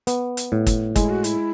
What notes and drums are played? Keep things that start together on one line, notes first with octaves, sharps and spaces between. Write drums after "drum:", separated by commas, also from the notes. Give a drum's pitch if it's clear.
B3, drum: hi-hat
drum: hi-hat
A2
drum: kick, hi-hat
G#3 E4, drum: kick, hi-hat
F#4
E4, drum: hi-hat